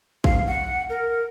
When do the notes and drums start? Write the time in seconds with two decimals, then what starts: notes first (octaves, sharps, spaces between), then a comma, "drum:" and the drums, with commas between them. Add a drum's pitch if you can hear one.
0.24 F5, drum: kick
0.47 F#5
0.89 A#4